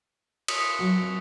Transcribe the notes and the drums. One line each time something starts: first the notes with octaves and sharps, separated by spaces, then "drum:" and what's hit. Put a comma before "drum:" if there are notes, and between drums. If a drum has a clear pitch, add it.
D#6 B6 C#7, drum: cymbal
F#3 F#4
C4